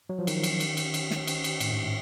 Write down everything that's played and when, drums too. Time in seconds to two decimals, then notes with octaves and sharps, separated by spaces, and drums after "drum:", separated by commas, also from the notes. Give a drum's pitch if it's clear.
0.09 F#3
0.19 F3
0.27 D#3, drum: cymbal
0.43 drum: cymbal
0.60 drum: cymbal
0.77 drum: cymbal
0.94 drum: cymbal
1.11 drum: snare
1.27 drum: cymbal
1.44 drum: cymbal
1.60 A2, drum: cymbal
1.72 G#2